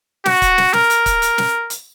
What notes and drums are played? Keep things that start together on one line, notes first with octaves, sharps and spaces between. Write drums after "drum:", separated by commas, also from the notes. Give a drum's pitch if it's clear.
F#4, drum: snare
drum: kick C#1, hi-hat
drum: snare
A#4, drum: snare
drum: hi-hat
drum: kick C#1, hi-hat
drum: hi-hat
drum: snare
drum: hi-hat